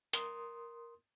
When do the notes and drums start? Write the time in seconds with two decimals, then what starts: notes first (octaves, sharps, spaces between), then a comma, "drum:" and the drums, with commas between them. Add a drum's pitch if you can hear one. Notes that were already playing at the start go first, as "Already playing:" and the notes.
0.13 A#4 C6 D#6, drum: hi-hat